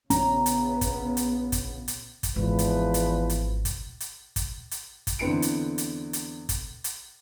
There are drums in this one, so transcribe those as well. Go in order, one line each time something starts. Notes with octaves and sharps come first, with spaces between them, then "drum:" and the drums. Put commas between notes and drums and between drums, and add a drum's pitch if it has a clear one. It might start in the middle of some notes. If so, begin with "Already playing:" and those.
A#1 C#3 B3 C#4 A#5, drum: hi-hat
drum: hi-hat
drum: kick, hi-hat
drum: hi-hat
drum: kick, hi-hat
drum: hi-hat
drum: kick, hi-hat
G#1 E2 F3 B4
drum: hi-hat
drum: hi-hat
drum: hi-hat
drum: kick, hi-hat
drum: hi-hat
drum: kick, hi-hat
drum: hi-hat
drum: kick, hi-hat
E2 D3 C4 B4 C#7 D7
drum: hi-hat
drum: hi-hat
drum: hi-hat
drum: kick, hi-hat
drum: hi-hat